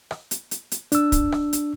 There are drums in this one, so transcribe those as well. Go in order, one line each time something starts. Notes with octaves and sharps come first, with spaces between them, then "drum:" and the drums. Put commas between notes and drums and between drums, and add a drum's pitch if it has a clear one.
drum: rim click
drum: hi-hat
drum: hi-hat
drum: hi-hat
D4 E6, drum: hi-hat
drum: kick, hi-hat
drum: rim click
drum: hi-hat